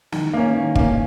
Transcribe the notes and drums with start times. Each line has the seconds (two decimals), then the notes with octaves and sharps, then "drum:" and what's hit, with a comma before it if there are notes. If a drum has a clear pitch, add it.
0.12 D#3, drum: snare
0.33 A#3 C#4
0.55 D#3
0.75 A#3 C#4, drum: kick